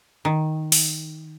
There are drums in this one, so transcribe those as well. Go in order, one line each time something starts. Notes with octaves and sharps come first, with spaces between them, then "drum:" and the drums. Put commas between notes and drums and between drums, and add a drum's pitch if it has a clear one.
D#3
drum: open hi-hat